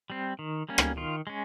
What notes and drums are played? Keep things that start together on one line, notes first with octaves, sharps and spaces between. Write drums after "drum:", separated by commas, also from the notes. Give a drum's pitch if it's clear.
G3 C4
D#3
G3 A#3 C#4
drum: rim click
D#3 F4
G#3 C#4